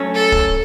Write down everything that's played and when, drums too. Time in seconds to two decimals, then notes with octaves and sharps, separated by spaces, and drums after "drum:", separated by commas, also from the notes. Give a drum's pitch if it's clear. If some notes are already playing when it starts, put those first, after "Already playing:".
Already playing: F#3 A3 C#4
0.14 A4
0.32 drum: kick